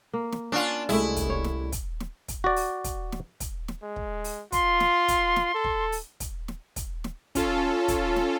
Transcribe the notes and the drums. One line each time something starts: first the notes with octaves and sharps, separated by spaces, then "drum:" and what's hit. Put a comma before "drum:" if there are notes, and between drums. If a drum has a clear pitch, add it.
A#3
drum: snare
C#4 D4 F4
C2 G#3 A3 E4, drum: open hi-hat
drum: kick, hi-hat
C#5
drum: snare
drum: kick, hi-hat
drum: snare
drum: kick, hi-hat
F#4 D5
drum: open hi-hat
drum: kick, hi-hat
drum: snare
drum: kick, hi-hat
drum: snare
G#3
drum: kick
drum: open hi-hat
F4 C6, drum: kick, hi-hat
drum: snare
drum: kick, hi-hat
drum: snare
A4
drum: kick
drum: open hi-hat
drum: kick, hi-hat
drum: snare
drum: kick, hi-hat
drum: snare
C#4 F4 A4, drum: kick, hi-hat
drum: kick, hi-hat
drum: snare